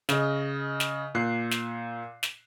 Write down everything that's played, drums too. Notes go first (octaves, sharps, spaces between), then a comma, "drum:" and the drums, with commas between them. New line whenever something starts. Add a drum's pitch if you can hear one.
C#3 D#5, drum: snare
drum: snare
A#2 F#6 C7
drum: snare
drum: snare